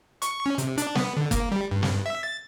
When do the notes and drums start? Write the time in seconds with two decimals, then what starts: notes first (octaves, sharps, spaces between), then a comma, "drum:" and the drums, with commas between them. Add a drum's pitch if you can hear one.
0.22 C#6, drum: hi-hat
0.46 C#4
0.58 C3, drum: hi-hat
0.78 D4, drum: hi-hat
0.95 B3, drum: snare
1.17 D3
1.31 A#3, drum: kick F#1, hi-hat
1.52 G3
1.71 G2
1.83 drum: snare
2.06 E5
2.23 A6